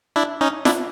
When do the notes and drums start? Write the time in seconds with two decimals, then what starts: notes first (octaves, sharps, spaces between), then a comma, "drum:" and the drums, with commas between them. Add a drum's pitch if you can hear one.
0.16 D4 E4
0.41 C#4 D#4
0.65 D4 E4, drum: snare F4